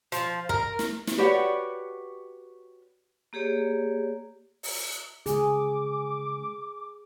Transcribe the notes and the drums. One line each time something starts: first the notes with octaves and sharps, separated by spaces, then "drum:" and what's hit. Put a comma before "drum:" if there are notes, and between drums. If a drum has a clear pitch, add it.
F3, drum: hi-hat
A#4, drum: kick
drum: snare
drum: snare
F#4 G4 B4 C#5 D5 F#5
A#3 G4 G#4 C#5 D5
drum: open hi-hat
C#3 G#3 G#4 D6, drum: hi-hat